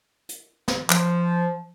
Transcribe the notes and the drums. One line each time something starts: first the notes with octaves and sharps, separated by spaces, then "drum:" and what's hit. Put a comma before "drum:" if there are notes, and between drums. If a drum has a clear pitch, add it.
drum: hi-hat
drum: snare
F3, drum: clap